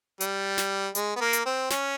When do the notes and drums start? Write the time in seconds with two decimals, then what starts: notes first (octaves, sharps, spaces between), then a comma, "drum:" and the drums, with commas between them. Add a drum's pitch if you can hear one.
0.21 G3, drum: hi-hat
0.58 drum: snare
0.95 G#3, drum: hi-hat
1.16 B3
1.21 A#3
1.33 drum: hi-hat
1.46 C4
1.71 C#4, drum: snare